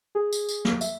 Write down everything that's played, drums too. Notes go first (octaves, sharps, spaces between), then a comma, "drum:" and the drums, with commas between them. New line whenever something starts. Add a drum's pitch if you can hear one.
G#4
drum: tambourine
drum: tambourine
drum: snare
E5, drum: tambourine